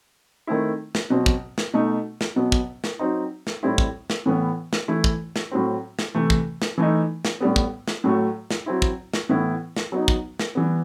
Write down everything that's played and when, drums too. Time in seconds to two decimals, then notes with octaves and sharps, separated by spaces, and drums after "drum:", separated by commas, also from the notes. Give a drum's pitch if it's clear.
0.47 D#3 A3 C4 E4
0.95 drum: snare
1.10 B2 F#3 C4
1.26 drum: kick
1.58 drum: snare
1.74 B2 A3 D#4
2.21 drum: snare
2.36 B2 F#3 B3
2.52 drum: kick
2.84 drum: snare
2.99 F#3 C4 D#4
3.47 drum: snare
3.63 A2 G3 C4 E4
3.78 drum: kick
4.10 drum: snare
4.26 A2 E3 B3
4.73 drum: snare
4.88 E3 A3 E4
5.04 drum: kick
5.36 drum: snare
5.51 A2 F#3 C4
5.99 drum: snare
6.15 C3 E3 A3
6.30 drum: kick
6.62 drum: snare
6.78 E3 A3 D#4
7.25 drum: snare
7.40 A2 G3 B3
7.56 drum: kick
7.88 drum: snare
8.04 A2 F#3 A3
8.51 drum: snare
8.66 F#3 C4 E4
8.82 drum: kick
9.14 drum: snare
9.29 A2 E3 B3 E4
9.76 drum: snare
9.92 F#3 B3 D#4
10.08 drum: kick
10.39 drum: snare
10.55 E3 G3 B3